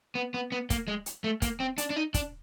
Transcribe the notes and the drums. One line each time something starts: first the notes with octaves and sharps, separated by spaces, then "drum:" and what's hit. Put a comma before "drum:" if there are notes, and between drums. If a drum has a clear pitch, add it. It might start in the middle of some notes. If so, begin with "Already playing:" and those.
B3
B3
B3
A#3, drum: kick, hi-hat
G#3
drum: hi-hat
A3
A#3, drum: kick, hi-hat
C4
D4, drum: hi-hat
D4
D#4
D4, drum: kick, hi-hat